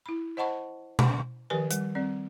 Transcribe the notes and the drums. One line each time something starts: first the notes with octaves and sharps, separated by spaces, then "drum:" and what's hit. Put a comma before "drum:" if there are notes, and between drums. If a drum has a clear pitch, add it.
E4 B5
C5 D#5 F#5 A5 B5 C#6
drum: tom B2
D#3 F3 G4 A#4 B4 G#5
G3, drum: hi-hat
G3 C4 D5